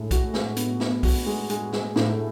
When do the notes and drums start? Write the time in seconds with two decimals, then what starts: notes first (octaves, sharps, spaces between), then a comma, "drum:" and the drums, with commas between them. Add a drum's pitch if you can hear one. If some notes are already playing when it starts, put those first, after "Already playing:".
Already playing: A2 G#3
0.11 F#4, drum: kick, hi-hat
0.34 G#3, drum: snare
0.57 B3, drum: hi-hat
0.80 B3, drum: snare
1.03 F#4, drum: kick, open hi-hat
1.26 G#3
1.50 G#3, drum: hi-hat
1.72 G#3, drum: snare
1.96 A2, drum: snare